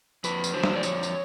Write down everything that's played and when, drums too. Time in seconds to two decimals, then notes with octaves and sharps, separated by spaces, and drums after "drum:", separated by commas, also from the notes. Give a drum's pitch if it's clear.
0.24 F2 B4, drum: tambourine
0.44 drum: tambourine
0.53 D3 F#3 C5
0.64 drum: snare
0.75 D5
0.83 F2 C#5, drum: tambourine
1.03 drum: tambourine